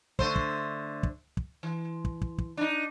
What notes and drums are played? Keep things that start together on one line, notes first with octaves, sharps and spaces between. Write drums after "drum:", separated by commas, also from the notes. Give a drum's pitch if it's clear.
D3 A3 C5, drum: kick
drum: kick
drum: kick
drum: kick
E3
drum: kick
drum: kick
drum: kick
D4 D#4